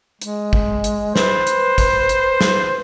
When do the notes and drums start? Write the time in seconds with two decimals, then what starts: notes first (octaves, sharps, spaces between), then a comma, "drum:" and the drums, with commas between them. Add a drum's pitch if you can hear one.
0.22 G#3, drum: hi-hat
0.53 drum: kick
0.84 drum: hi-hat
1.16 B4 C5, drum: snare
1.47 drum: hi-hat
1.78 drum: kick, hi-hat
2.09 drum: hi-hat
2.41 drum: snare